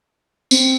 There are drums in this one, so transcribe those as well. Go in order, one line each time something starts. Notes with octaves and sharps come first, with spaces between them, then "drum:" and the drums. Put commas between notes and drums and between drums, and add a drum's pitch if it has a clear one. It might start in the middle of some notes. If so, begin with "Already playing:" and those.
C4, drum: tambourine